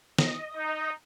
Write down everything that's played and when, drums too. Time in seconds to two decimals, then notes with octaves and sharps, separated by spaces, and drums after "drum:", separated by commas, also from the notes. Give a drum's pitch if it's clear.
0.19 D#5, drum: snare
0.56 D#4